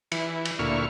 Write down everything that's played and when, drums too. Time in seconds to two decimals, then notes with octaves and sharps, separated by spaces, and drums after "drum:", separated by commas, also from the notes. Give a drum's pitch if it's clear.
0.12 E3, drum: cymbal
0.45 drum: cymbal
0.59 D2 A#2 E4 C#6 F6